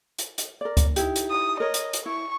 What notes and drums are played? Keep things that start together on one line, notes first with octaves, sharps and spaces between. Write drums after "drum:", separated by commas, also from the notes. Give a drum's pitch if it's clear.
drum: hi-hat
drum: hi-hat
A#4 D5
drum: kick C#2, hi-hat
D#4 E4 G4, drum: hi-hat
drum: hi-hat
D#6
A#4 C#5 D#5
drum: hi-hat
drum: hi-hat
E4 C#6